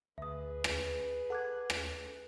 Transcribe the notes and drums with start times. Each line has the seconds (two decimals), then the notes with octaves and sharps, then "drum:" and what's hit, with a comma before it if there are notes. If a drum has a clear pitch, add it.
0.18 D2 G#4 B4 E5 D#6
0.64 drum: rim click
1.30 A4 F#5 D6 F#6 G#6
1.70 drum: rim click